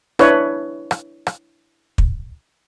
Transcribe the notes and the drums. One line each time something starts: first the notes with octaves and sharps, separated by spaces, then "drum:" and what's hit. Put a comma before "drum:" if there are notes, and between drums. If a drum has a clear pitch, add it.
D4 E4 B4 C#5, drum: rim click
drum: rim click
drum: rim click
drum: kick